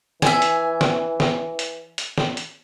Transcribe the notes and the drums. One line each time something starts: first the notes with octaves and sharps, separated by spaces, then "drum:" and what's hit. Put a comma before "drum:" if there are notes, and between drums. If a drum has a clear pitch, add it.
E3 E5 G#5, drum: snare
drum: hi-hat
drum: snare
drum: snare
drum: hi-hat
drum: hi-hat
drum: snare
drum: hi-hat